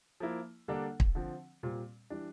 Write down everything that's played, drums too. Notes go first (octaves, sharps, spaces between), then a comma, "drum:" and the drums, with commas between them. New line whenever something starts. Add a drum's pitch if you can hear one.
F3 A#3 E4
D3 G3 A#3 D4 A4
drum: kick
D3 F3 C4
A#2 G3 C4
E3 G3 D4